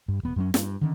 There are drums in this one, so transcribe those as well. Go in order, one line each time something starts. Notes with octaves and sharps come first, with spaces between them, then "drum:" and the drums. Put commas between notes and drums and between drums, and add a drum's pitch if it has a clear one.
G2
E1 B3
F#2 F#3 C#4
G2, drum: snare
D3 D#3 C#4